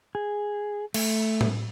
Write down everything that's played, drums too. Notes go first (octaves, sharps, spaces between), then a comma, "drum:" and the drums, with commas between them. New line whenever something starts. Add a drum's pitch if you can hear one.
G#4
A3, drum: cymbal
drum: tom A2